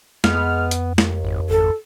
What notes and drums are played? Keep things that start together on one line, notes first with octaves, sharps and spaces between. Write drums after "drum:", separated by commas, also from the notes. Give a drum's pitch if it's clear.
F2 G#3 B3 F6, drum: snare
drum: hi-hat
D#2, drum: snare
G#1
G#1 A4